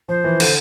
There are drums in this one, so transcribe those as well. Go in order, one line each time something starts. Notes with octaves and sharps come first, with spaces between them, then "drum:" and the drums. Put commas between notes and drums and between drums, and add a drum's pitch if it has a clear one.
F3 C5
E3
D3, drum: cymbal